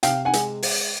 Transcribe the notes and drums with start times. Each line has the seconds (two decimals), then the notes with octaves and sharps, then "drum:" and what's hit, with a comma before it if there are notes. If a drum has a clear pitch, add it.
0.03 C3 F5 G5, drum: hi-hat
0.25 F#5 G#5
0.33 G#3, drum: hi-hat
0.63 drum: open hi-hat